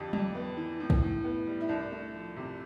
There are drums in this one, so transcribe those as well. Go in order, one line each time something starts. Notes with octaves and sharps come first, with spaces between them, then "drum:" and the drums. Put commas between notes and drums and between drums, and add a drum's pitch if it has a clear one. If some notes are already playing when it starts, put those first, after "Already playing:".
Already playing: F2 D3 G4
F2, drum: tom F#3
B3
E3
A2
drum: kick
A2
B3
G3
E4
C2 D4
A3
F3
C3